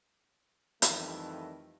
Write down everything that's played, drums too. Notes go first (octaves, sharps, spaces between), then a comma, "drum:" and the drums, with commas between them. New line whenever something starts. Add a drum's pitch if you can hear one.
F2 D#3 E3 G3 A3, drum: hi-hat